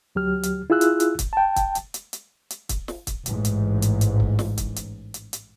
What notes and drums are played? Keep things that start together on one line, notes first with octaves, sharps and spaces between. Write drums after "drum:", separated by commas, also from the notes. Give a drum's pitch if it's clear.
D2 F#3 G4 F6
drum: hi-hat
E4 F4 G#4 E6 F#6
drum: hi-hat
drum: hi-hat
drum: kick, hi-hat
G5 A5
drum: kick, hi-hat
drum: hi-hat
drum: hi-hat
drum: hi-hat
drum: hi-hat
drum: kick, hi-hat
drum: snare
drum: kick, hi-hat
A1 G#2, drum: hi-hat
drum: hi-hat
drum: hi-hat
drum: hi-hat
drum: kick
drum: snare
drum: kick, hi-hat
drum: hi-hat
drum: hi-hat
drum: hi-hat